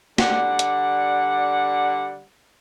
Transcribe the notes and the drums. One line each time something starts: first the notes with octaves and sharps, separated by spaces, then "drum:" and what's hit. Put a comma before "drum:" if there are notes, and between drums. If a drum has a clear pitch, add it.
D3 G3 D5 F#5, drum: snare
drum: hi-hat